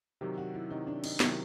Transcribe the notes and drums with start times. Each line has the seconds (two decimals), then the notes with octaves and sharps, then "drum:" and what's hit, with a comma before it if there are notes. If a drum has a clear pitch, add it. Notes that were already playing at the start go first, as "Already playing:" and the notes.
0.21 C3 D#3 F#3 G4
0.37 F#4
0.54 E4
0.71 C3 D#3 F#3 D#4
0.87 D4
1.04 D#4, drum: cymbal
1.20 C3 D#3 F#3 E4, drum: snare